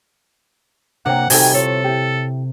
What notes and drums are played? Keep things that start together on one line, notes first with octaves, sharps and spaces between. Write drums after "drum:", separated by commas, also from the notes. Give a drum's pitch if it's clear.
C3 A#3 D4 C#5 F#5 G5
C3 D#3 G3 F#4 A4 G5 G#5, drum: open hi-hat
E4 F4 A4 C#5
E4 G4